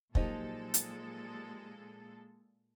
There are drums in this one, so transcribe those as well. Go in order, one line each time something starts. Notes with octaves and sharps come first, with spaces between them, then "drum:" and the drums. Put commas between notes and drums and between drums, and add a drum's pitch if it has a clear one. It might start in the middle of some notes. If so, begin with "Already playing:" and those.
A#2 F3 F#3 G#3 A#3 D#4 G4 A4, drum: kick
drum: hi-hat